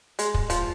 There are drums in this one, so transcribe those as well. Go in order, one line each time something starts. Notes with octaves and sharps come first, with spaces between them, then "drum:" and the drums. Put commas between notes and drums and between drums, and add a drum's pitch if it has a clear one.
G#3, drum: hi-hat
drum: kick
F3, drum: hi-hat